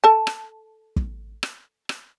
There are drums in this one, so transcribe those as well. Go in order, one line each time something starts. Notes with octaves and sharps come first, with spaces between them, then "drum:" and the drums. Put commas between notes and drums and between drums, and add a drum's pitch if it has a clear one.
A4 A5
drum: rim click
drum: kick
drum: rim click
drum: rim click